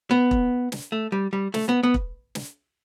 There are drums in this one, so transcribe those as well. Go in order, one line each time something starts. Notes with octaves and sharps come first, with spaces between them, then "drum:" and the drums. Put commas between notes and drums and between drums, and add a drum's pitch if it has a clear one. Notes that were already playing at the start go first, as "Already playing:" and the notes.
B3
drum: kick E1
drum: snare
A3
G3
G3
A3, drum: snare
B3
B3
drum: kick E1
drum: snare